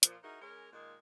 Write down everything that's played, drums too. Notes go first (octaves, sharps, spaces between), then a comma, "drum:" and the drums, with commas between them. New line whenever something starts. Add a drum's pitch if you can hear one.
A#2 F3, drum: hi-hat
D#4 E4 F#4 G#4 A#4
G#3 C#4 A#4
A#2 D#3 G#3 A#3